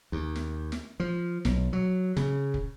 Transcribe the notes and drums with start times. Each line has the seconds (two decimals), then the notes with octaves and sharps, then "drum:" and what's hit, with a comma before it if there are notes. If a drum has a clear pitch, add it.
0.12 D#2
0.36 drum: snare
0.72 drum: snare
1.00 F3
1.45 B1, drum: snare
1.73 F#3
2.17 C#3, drum: snare
2.54 drum: kick